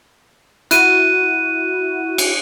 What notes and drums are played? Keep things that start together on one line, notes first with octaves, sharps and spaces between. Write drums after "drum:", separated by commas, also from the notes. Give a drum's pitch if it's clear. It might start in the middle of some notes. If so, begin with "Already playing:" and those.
E4 F#4 F#6 D#7, drum: hi-hat
drum: cymbal